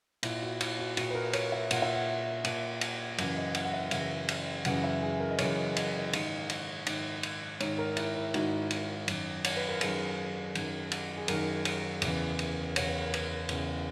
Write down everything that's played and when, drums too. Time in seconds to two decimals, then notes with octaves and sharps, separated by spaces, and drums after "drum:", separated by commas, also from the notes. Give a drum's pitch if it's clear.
0.23 A#2 E4, drum: cymbal
0.42 F#4
0.60 E4, drum: cymbal
0.79 F#4
0.97 A#2 F#4, drum: cymbal
1.11 B4
1.15 A#4
1.33 C#5, drum: cymbal
1.52 E5
1.71 A#2 F#5, drum: cymbal
1.82 E5
1.95 F#5
2.44 A#2, drum: cymbal
2.81 drum: cymbal
3.18 F#2 C#3 E3, drum: cymbal
3.36 D#5
3.54 F#5, drum: cymbal
3.65 F#5
3.73 E5
3.91 F#2 C#3 E3 E5, drum: cymbal
4.28 drum: cymbal
4.65 F#2 C#3 E3 F#5, drum: cymbal
4.84 E5
5.02 G#4
5.20 A#4
5.30 D#5
5.38 F#2 C#3 E3 C#5, drum: cymbal
5.57 D#5
5.76 D#5, drum: cymbal
5.94 D#5
6.13 G#2 D#3, drum: cymbal
6.49 drum: cymbal
6.86 G#2 D#3, drum: cymbal
7.23 drum: cymbal
7.60 G#2 D#3 C#5, drum: cymbal
7.79 A#4
7.97 E4, drum: cymbal
8.16 E4
8.34 G#2 D#3 F#4, drum: cymbal
8.70 drum: cymbal
9.08 F#2 D#3, drum: cymbal
9.44 C#5, drum: cymbal
9.57 B4
9.69 A#4
9.81 F#2 D#3 G#4, drum: cymbal
10.55 F#2 D#3, drum: cymbal
10.91 drum: cymbal
11.17 G#4
11.28 F#2 D#3 A#4, drum: cymbal
11.65 drum: cymbal
12.02 E2 C#3 E3, drum: cymbal
12.39 drum: cymbal
12.76 E2 C#3 E3 C#5, drum: cymbal
12.88 B4
13.01 A#4
13.14 B4, drum: cymbal
13.49 E2 C#3 E3, drum: cymbal